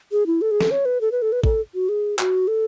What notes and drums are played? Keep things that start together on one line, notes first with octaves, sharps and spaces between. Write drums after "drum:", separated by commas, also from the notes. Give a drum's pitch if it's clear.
G#4
E4
A4
G#4
A4, drum: snare
C#5
B4
A4
B4
A4
B4
A4, drum: kick
F#4
G#4
F#4, drum: clap
A4